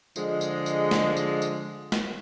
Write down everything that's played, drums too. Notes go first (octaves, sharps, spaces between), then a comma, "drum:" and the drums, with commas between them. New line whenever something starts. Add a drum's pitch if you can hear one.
D3 F3 G#3, drum: tambourine
drum: tambourine
drum: tambourine
drum: snare
drum: tambourine
drum: tambourine
drum: snare